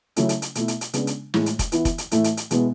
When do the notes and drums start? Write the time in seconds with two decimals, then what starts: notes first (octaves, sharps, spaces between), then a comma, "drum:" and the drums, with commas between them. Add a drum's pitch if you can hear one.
0.16 C#3 F#3 A3 C#4 E4, drum: hi-hat
0.29 drum: hi-hat
0.42 drum: hi-hat
0.55 B2 A3 E4, drum: hi-hat
0.68 drum: hi-hat
0.81 drum: hi-hat
0.93 C#3 G#3 B3 D4, drum: hi-hat
1.07 drum: hi-hat
1.34 A2 E3 G#3, drum: snare
1.46 drum: hi-hat
1.59 drum: kick F1, hi-hat
1.72 E3 B3 E4, drum: hi-hat
1.85 drum: kick F1, hi-hat
1.98 drum: hi-hat
2.11 A2 E3 A3 E4, drum: hi-hat
2.24 drum: hi-hat
2.37 drum: hi-hat
2.51 B2 G#3 B3 E4, drum: hi-hat